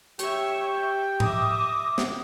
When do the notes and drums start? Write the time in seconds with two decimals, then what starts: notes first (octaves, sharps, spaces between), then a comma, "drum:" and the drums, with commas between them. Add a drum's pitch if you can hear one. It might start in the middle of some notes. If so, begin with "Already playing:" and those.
0.19 G4 C#5 E5, drum: hi-hat
1.20 D#5 E5 D6 D#6, drum: tom G#2
1.98 drum: snare